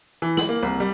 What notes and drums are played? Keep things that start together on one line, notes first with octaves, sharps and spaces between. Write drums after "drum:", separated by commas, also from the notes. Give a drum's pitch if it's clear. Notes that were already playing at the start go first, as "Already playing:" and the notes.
E3
F#7, drum: snare
A#3
C2
G3